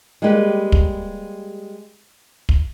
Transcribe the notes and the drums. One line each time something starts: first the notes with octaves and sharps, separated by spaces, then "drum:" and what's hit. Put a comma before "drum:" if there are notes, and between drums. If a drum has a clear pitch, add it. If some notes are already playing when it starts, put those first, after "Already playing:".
G3 G#3 A#3 G4 A#4 B4
drum: kick
drum: kick